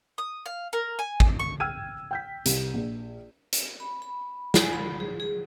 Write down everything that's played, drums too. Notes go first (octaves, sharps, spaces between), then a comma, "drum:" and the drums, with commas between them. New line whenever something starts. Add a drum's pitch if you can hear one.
D#6
F5
A#4
G#5
drum: kick
C#6
G5 E6 F6 G#6 D#7
G5 G6 B6
C2, drum: hi-hat
A#1
drum: hi-hat
B5
B5
G#5, drum: snare
B5
G#4
G#4